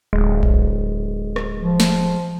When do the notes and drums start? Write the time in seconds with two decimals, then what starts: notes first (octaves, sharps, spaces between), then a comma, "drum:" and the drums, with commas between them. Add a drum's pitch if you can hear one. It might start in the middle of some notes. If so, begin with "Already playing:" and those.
0.13 D1 G#3
0.43 drum: kick A#1
1.36 drum: rim click
1.60 F3
1.80 drum: snare